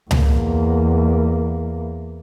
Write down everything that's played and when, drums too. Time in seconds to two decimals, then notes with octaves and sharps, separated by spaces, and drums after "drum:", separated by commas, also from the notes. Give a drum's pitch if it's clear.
0.11 E2 A#3, drum: tom C#2